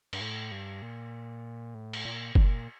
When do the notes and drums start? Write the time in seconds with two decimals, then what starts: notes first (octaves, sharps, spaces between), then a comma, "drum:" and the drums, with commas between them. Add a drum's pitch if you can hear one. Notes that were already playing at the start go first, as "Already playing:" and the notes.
0.13 G2, drum: cymbal
0.21 A2
0.52 G2
0.82 A#2
1.75 A2
1.93 drum: cymbal
2.05 A#2
2.35 A#2, drum: kick F#1